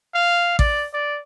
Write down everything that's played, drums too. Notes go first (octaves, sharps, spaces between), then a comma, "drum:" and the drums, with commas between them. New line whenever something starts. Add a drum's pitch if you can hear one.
F5
D5, drum: kick A1
D5